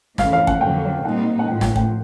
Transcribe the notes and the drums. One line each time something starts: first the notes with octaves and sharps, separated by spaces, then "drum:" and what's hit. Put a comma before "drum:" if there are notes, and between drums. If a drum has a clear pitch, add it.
F2 C#3 E3 A3 F5, drum: snare
F5
F#5, drum: kick
F2 D3 F#3 G5
A#2 G3 C4 D#4 F#5
F#5
A2 F3 A3 G5
G5, drum: snare
G5, drum: kick